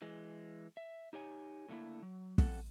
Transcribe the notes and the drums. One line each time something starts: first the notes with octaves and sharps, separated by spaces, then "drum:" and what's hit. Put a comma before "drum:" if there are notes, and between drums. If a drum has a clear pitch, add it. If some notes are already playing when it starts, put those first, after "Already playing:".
E3 G#3
E5
D#4 G4 C#5 G#5
A2 D3 A3 A#3 E4
F#3
F2 A4 F#5, drum: kick